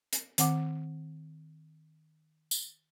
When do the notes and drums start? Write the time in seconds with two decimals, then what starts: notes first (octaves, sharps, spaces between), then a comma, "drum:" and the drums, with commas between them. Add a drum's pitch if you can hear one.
0.13 drum: hi-hat
0.38 D#3 C4 F#5 D6, drum: hi-hat
2.51 drum: tambourine